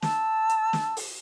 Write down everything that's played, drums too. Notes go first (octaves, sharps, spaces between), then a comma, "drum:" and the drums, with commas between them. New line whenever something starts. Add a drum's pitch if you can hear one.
A5 E6, drum: snare
drum: hi-hat
drum: snare
drum: open hi-hat